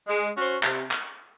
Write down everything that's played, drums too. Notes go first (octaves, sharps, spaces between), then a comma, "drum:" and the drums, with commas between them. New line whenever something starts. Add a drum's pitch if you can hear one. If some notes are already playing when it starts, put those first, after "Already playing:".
G#3
C#4 F#4 C5
C3, drum: clap
drum: clap